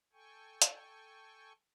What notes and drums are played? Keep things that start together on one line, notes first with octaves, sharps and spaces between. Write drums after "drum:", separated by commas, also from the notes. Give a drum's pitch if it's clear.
A4 G5 G#5 C#6
drum: hi-hat